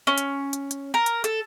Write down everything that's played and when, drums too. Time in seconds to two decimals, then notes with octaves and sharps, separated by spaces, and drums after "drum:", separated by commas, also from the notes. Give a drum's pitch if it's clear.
0.07 C#4
0.18 drum: hi-hat
0.53 drum: hi-hat
0.71 drum: hi-hat
0.94 A#4
1.06 drum: hi-hat
1.24 A4, drum: hi-hat